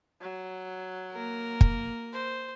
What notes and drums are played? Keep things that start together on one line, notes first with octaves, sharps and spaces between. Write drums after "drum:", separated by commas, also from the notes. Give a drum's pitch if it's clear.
F#3
A#3 A#4
drum: kick
C5